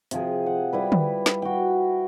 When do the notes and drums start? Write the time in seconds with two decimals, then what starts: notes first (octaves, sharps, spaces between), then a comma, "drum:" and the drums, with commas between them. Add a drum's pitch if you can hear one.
0.11 C3 F3 G#4, drum: hi-hat
0.46 F#5
0.73 G3 E4 B4
0.92 drum: tom D3
1.26 drum: snare
1.42 F#4 G5